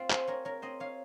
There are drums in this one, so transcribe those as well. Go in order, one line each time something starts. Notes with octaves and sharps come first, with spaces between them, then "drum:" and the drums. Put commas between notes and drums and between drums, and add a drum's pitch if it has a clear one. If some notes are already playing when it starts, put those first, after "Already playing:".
Already playing: C4 F4
G#4 C5, drum: clap
C4 A#4 C#5
A#4 C#5
C4 C5 D#5
C#5 F5